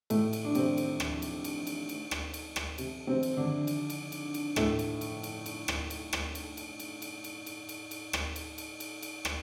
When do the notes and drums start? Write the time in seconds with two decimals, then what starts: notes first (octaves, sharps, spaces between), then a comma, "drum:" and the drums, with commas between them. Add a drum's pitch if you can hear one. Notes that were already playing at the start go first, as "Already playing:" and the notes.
0.10 A2 A3, drum: cymbal
0.33 drum: cymbal
0.45 D4
0.55 C3 C4, drum: cymbal
0.77 drum: cymbal
1.00 drum: rim click
1.22 drum: cymbal
1.44 drum: cymbal
1.67 drum: cymbal
1.89 drum: cymbal
2.11 drum: rim click
2.34 drum: cymbal
2.56 drum: rim click
2.78 C3, drum: cymbal
3.07 C3 C4
3.23 drum: cymbal
3.37 D3 D4
3.67 drum: cymbal
3.90 drum: cymbal
4.12 drum: cymbal
4.34 drum: cymbal
4.56 A2 A3, drum: rim click
4.79 drum: cymbal
5.01 drum: cymbal
5.23 drum: cymbal
5.46 drum: cymbal
5.68 drum: rim click
5.90 drum: cymbal
6.13 drum: rim click
6.35 drum: cymbal
6.57 drum: cymbal
6.80 drum: cymbal
7.02 drum: cymbal
7.24 drum: cymbal
7.46 drum: cymbal
7.69 drum: cymbal
7.91 drum: cymbal
8.13 drum: rim click
8.36 drum: cymbal
8.58 drum: cymbal
8.80 drum: cymbal
9.02 drum: cymbal
9.25 drum: rim click